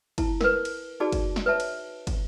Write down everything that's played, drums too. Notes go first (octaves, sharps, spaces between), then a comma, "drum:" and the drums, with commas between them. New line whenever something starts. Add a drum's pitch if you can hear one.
E4 A5, drum: kick, cymbal
A#4 B4, drum: snare
drum: cymbal
D#4 F#4 G#4 D5 A5
drum: kick, cymbal
drum: snare
B4 C#5 E5 A5
drum: cymbal
drum: kick, cymbal